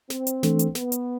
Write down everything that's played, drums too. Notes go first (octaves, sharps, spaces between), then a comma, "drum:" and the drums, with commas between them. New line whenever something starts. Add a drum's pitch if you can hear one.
C4, drum: snare
drum: hi-hat
E3 A3 D4 A4, drum: snare
drum: hi-hat
B3, drum: snare
drum: hi-hat